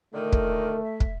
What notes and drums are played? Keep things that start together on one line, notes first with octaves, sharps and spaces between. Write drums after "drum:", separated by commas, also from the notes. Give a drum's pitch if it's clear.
A#2 D3 D#3 A3 A#4
drum: kick
E5
drum: kick